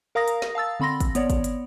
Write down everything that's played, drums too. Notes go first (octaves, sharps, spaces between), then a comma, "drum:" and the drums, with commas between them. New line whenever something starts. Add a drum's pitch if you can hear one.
A#4 F5 A#5 D#6 A#6
drum: hi-hat
drum: snare
F5 A5 E6 A6
D3 C4 B5 C6 A#6
drum: kick, hi-hat
B3 C#5 D5, drum: hi-hat
drum: kick, hi-hat
drum: hi-hat